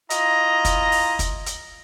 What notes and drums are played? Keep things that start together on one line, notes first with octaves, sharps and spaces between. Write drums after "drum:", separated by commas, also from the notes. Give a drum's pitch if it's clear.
E4 F4 D#5 A#5, drum: hi-hat
drum: kick, hi-hat
drum: open hi-hat
drum: kick, hi-hat
drum: hi-hat